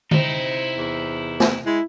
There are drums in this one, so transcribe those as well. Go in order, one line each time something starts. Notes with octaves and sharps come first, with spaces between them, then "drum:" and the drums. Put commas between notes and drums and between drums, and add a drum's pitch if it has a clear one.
C3 C4 D#4 E4, drum: tom D3
E2
drum: snare
G#3 E4